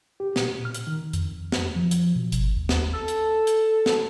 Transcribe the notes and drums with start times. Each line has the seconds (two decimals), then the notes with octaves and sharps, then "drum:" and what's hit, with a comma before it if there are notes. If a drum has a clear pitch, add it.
0.20 G4
0.36 A#2, drum: snare
0.50 A#2
0.65 F6
0.75 drum: hi-hat
0.87 D#3
1.13 F2, drum: hi-hat
1.52 drum: snare
1.76 F3
1.91 drum: hi-hat
2.16 B2
2.32 G1, drum: hi-hat
2.57 D#2
2.69 drum: snare
2.93 A4
3.08 drum: hi-hat
3.47 drum: hi-hat
3.86 drum: snare